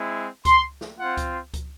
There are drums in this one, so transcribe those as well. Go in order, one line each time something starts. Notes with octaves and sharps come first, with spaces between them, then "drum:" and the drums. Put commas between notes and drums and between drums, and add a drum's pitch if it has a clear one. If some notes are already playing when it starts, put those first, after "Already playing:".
Already playing: G#3 C4 E4
C6, drum: kick C#2, hi-hat
drum: snare
C4 F4 F#5
drum: kick C#2, hi-hat
drum: kick C#2, hi-hat